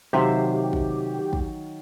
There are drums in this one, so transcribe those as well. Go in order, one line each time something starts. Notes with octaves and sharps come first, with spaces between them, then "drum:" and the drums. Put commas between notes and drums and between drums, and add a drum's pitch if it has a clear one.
C3 D#3 F#3 G4 C5 E5 F5
drum: kick
drum: kick